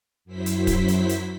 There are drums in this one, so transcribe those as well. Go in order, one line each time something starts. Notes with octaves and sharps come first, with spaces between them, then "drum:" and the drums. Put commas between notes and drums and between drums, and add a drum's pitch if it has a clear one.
F#2 F#3 E4 C5 B6
drum: hi-hat
drum: kick, hi-hat
drum: hi-hat
drum: hi-hat